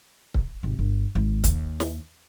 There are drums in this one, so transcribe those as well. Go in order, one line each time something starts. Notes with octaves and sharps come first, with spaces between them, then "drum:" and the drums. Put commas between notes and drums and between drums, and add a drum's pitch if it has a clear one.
drum: kick C#1
G#1 C3
G1
G#1
D#2, drum: kick C#1, hi-hat
drum: snare